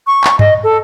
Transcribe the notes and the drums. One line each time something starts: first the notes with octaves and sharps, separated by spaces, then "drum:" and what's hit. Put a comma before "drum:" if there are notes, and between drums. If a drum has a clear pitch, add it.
C#6
drum: clap
D#5, drum: tom G2
A4